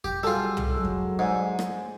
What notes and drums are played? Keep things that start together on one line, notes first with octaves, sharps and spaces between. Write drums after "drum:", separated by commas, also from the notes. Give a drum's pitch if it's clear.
G4, drum: kick F2
F#3 G3 F4 G#4 A4 E6
drum: tom
F#3 G#3
drum: kick F2
G#2 C5 D5 G#5
drum: rim click